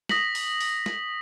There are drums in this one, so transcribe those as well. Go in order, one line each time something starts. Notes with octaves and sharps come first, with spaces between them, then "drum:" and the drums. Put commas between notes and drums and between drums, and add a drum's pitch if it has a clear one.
D#6 A#6 B6 F#7, drum: snare
drum: open hi-hat
drum: open hi-hat
drum: snare